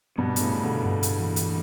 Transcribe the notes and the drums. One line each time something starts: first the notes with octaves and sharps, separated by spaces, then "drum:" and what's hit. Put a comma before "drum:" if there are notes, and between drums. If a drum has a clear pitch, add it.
G2 B2 B3
B2, drum: hi-hat
A2 C#3
G2
B2 D3
G2
drum: hi-hat
E3
drum: hi-hat